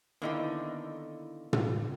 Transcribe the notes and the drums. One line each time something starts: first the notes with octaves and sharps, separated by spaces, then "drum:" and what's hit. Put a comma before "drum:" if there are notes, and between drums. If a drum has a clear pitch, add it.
D3 D#3 A#3 B3 E4 A4 D#5 G5
drum: tom